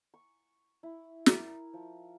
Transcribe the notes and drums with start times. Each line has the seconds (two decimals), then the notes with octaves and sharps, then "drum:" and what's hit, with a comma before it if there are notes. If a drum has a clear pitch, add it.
0.14 C#6
0.83 E4
1.26 A#4, drum: snare
1.73 F3